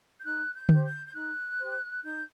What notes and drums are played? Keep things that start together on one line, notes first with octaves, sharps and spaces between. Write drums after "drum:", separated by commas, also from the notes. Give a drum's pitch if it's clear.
G6
D#4 F#6
G6
G4 C5, drum: tom D3
G6
G6
D#4 F#6
G4 C5
D#4 G6